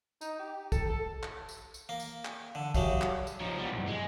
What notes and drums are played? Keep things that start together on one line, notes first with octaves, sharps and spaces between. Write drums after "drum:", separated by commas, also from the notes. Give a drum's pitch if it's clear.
D#4, drum: tambourine
G4
A4, drum: kick, tambourine
A4
drum: clap
drum: tambourine
drum: tambourine
A#3
drum: tambourine
drum: clap
D3
F#2 C#3 G3, drum: kick, tambourine
drum: clap
drum: tambourine
F3 D#4
G3 B3
B1 G2
G#3